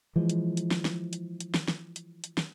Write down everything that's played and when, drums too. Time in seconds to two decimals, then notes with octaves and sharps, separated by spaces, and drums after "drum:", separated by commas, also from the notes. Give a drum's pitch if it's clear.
0.16 E3 F3 G#3
0.30 drum: hi-hat
0.57 drum: hi-hat
0.71 drum: snare
0.85 drum: snare
1.13 drum: hi-hat
1.40 drum: hi-hat
1.54 drum: snare
1.68 drum: snare
1.96 drum: hi-hat
2.24 drum: hi-hat
2.38 drum: snare